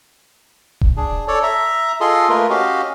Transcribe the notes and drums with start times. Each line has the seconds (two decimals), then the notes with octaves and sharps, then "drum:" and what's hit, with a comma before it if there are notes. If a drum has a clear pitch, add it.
0.81 drum: kick D#1
0.97 D4 G#4
1.28 A4 C#5 D5
1.43 E5 A#5
2.01 F4 G#4 A4 D#5 C6
2.29 A3 A#3 F4 A#4 B4
2.50 C#4 F#4 G4 D#5 F5